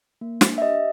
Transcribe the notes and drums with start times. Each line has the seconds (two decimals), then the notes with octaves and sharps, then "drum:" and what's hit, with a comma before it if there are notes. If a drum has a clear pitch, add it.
0.21 A#3
0.41 D4, drum: snare
0.58 E5
0.62 G4 D#5